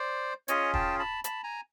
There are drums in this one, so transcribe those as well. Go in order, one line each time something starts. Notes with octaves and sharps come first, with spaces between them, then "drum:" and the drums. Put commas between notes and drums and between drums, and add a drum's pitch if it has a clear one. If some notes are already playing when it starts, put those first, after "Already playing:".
Already playing: C5 D5
C#4 F4 G#4 C#5 D#5, drum: hi-hat
G5 A5, drum: kick
A5 B5
A5 B5, drum: hi-hat
G#5 A#5